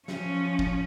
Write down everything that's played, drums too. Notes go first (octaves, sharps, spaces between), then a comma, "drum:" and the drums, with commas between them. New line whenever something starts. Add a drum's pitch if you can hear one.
F3 C#4, drum: snare
drum: kick